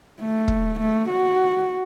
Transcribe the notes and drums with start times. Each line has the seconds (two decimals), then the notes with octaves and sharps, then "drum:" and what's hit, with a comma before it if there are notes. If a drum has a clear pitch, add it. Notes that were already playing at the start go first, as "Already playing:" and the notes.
0.21 A3
0.48 drum: kick
0.80 A3
1.09 F#4